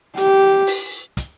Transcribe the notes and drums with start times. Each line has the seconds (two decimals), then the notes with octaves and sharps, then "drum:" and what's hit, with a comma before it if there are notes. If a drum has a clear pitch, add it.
0.17 G4, drum: hi-hat
0.67 drum: open hi-hat
1.17 drum: kick, hi-hat